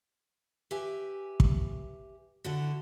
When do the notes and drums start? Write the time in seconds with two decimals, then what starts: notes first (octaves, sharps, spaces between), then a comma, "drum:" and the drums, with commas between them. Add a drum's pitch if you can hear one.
0.71 G4 B4 E5 G#5
1.40 drum: kick
2.44 D3 E4 F#4